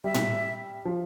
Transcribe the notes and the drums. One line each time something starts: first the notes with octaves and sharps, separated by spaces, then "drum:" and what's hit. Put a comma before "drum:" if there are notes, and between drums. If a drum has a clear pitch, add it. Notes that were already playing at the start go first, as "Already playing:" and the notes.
G3 E5
drum: tom A2
F3